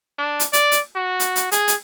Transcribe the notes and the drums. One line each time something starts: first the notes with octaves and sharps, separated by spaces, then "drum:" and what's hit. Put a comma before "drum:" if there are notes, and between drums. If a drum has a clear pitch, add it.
D4
drum: hi-hat
D5, drum: hi-hat
drum: hi-hat
F#4
drum: hi-hat
drum: hi-hat
G#4, drum: hi-hat
drum: hi-hat